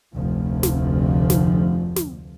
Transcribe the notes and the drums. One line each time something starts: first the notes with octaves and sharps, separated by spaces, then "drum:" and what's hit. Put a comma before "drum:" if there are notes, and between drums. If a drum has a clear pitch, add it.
F1 D2 F3
drum: snare
drum: snare
drum: snare